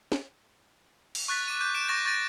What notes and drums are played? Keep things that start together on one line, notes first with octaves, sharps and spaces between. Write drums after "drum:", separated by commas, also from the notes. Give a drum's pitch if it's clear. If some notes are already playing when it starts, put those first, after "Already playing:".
drum: snare
drum: cymbal
C#6 F#6 A6 B6
D6 D#7
D6 G6 D#7
F#6 D7 E7
C#6 D6 G6 A6 A#6 D7
C#6 G6 A6 A#6 D#7